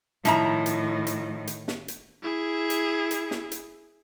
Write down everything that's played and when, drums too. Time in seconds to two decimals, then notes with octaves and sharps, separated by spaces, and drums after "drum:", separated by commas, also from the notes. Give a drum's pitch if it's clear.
0.25 A2 D#3 F3 E4 A#5, drum: hi-hat
0.66 drum: hi-hat
1.07 drum: hi-hat
1.47 drum: hi-hat
1.68 drum: snare
1.88 drum: hi-hat
2.23 E4 G#4
2.70 drum: hi-hat
3.11 drum: hi-hat
3.31 drum: snare
3.51 drum: hi-hat